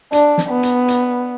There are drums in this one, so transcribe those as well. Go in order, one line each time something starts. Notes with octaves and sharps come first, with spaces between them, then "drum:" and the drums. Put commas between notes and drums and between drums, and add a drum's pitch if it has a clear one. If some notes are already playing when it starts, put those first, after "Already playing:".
D4, drum: hi-hat
drum: snare
B3
drum: hi-hat
drum: hi-hat